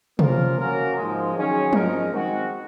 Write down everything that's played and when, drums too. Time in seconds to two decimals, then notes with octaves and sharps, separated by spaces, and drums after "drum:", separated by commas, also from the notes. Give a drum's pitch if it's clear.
0.19 F3 A#3 C#4 F4 A#4, drum: tom C3
0.58 A#3 C#4 F#4 A#4
0.96 G#2 F3 G#3
1.34 D#3 F#3 C#4 G#4
1.73 G#2 F3 G#3 D#4 A#4, drum: tom F3
2.11 D#3 G#3 C4 F#4